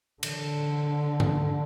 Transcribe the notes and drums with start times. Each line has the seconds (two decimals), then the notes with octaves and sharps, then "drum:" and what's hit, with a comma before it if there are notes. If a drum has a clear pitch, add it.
0.23 D3, drum: cymbal
1.20 drum: tom G2